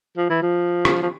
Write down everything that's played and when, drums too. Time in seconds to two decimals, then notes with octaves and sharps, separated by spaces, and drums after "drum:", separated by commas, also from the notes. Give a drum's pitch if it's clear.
0.17 F3
0.30 E3
0.42 F3
0.85 drum: rim click
1.03 F3